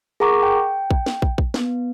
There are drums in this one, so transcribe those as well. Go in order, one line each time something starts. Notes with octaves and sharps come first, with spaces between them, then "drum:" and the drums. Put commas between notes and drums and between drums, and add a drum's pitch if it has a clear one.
G#4 A#4 F#5 A#5 C#6 D6
G5
drum: kick
drum: snare
drum: kick
drum: kick
B3, drum: snare